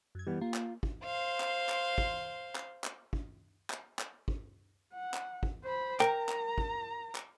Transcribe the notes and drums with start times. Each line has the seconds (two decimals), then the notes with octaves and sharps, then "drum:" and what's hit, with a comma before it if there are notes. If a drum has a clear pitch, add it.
0.15 F#2 G#6
0.27 E3 G3 B3 G4
0.41 A#3 F4
0.54 drum: clap
0.83 drum: kick
1.04 C5 F5 C6
1.40 drum: clap
1.69 drum: clap
1.98 drum: kick
2.55 drum: clap
2.84 drum: clap
3.13 drum: kick
3.70 drum: clap
3.99 drum: clap
4.28 drum: kick
4.94 F#5
5.14 drum: clap
5.43 drum: kick
5.64 C5 B5
6.00 A#4 G5 A#5, drum: clap
6.29 drum: clap
6.58 drum: kick
7.15 drum: clap